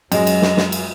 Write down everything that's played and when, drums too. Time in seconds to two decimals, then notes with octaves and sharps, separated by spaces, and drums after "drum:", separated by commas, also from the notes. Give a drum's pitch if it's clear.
0.12 F#2 F#3 G#3 D#5, drum: cymbal
0.27 drum: cymbal
0.42 drum: snare
0.57 drum: snare
0.72 drum: cymbal